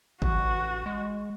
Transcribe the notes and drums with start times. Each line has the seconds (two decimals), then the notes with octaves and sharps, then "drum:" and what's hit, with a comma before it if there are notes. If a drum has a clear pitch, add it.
0.22 A1 F#4, drum: kick
0.86 G#3